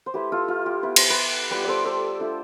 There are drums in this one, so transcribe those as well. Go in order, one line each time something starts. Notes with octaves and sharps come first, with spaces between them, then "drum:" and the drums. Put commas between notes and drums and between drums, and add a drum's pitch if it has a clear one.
C5
A3 E4 G4 B4
F4 A4
F4
G4
B3 E4 B4
C5, drum: cymbal
G4 B4
G3 B3 F4 G4 B4
A4 C5 D5
A4 C5
A3 D4 F4